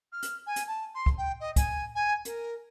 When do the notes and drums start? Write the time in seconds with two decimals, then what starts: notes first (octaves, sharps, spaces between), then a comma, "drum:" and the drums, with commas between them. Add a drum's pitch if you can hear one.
0.12 F6
0.23 drum: hi-hat
0.46 G#5
0.56 drum: hi-hat
0.67 A5
0.94 C6
1.06 drum: kick
1.17 G5
1.40 D#5
1.56 G#5, drum: kick, hi-hat
1.95 G#5
2.25 A#4, drum: hi-hat